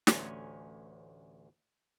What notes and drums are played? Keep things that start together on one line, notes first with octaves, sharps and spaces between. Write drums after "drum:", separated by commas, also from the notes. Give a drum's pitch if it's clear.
A1 D2 C#4 G#5, drum: snare